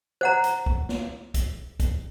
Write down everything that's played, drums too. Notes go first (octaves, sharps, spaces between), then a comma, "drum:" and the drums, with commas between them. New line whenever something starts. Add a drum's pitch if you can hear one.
C5 F#5 A#5
drum: hi-hat
drum: kick
drum: snare
drum: kick, hi-hat
drum: kick, hi-hat